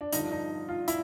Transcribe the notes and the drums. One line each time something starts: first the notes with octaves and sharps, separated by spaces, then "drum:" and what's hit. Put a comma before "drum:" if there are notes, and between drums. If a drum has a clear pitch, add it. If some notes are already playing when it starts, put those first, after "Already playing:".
D4
G2 D3 F3 D#4, drum: hi-hat
D#4
F4
E4, drum: hi-hat